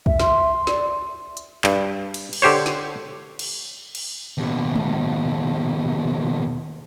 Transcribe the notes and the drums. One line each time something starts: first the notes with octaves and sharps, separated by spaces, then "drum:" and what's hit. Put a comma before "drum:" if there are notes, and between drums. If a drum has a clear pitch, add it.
E5, drum: kick
C6, drum: snare
D5, drum: snare
drum: hi-hat
G2, drum: clap
drum: cymbal
drum: cymbal
D3 G4 C5 C#5
drum: snare
drum: cymbal
drum: cymbal
D#2 B2
drum: tom G#3